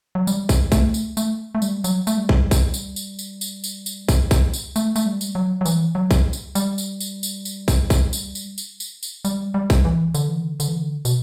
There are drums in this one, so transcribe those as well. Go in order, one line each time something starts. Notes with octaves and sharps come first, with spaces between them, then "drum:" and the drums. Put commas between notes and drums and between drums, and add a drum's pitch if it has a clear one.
F#3
G3, drum: tambourine
drum: kick, tambourine
A3, drum: kick, tambourine
drum: tambourine
A3, drum: tambourine
A3
G3, drum: tambourine
F#3, drum: tambourine
A3, drum: tambourine
G3
F#3, drum: kick
G3
drum: kick, tambourine
drum: tambourine
drum: tambourine
drum: tambourine
drum: tambourine
drum: tambourine
drum: tambourine
drum: kick, tambourine
drum: kick, tambourine
drum: tambourine
A3, drum: tambourine
A3, drum: tambourine
G3
drum: tambourine
F#3
F#3
E3, drum: tambourine
F#3
drum: kick, tambourine
drum: tambourine
G3, drum: tambourine
drum: tambourine
drum: tambourine
drum: tambourine
drum: tambourine
drum: kick, tambourine
drum: kick, tambourine
drum: tambourine
drum: tambourine
drum: tambourine
drum: tambourine
drum: tambourine
G3, drum: tambourine
G3
drum: kick, tambourine
E3
D3, drum: tambourine
E3
D3
D3, drum: tambourine
E3
D3
B2, drum: tambourine